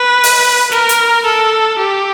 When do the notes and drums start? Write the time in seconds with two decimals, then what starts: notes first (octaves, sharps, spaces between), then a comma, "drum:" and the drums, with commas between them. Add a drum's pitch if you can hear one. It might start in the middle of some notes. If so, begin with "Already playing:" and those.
Already playing: B4
0.24 drum: open hi-hat
0.72 A#4, drum: snare
0.89 drum: hi-hat
1.25 A4
1.79 G4